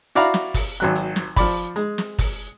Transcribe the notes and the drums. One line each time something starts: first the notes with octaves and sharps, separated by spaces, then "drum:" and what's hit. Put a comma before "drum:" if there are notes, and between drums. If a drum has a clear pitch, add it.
E4 F#4 D5 F5 A#5 B5, drum: hi-hat
drum: snare
drum: kick, open hi-hat
G#1 F#3 F#6
drum: hi-hat
drum: snare
F3 D5 B5, drum: kick, open hi-hat
G#3, drum: hi-hat
drum: snare
drum: kick, open hi-hat